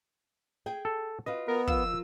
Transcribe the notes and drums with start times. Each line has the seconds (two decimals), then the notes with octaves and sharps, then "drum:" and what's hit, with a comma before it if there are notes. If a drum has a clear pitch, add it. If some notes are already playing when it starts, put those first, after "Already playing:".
0.66 G#4 G5 G#5
0.85 A4
1.26 F4 F#4 B4 D#5
1.48 B3 A#4
1.67 F3 F4 A#4 E6, drum: kick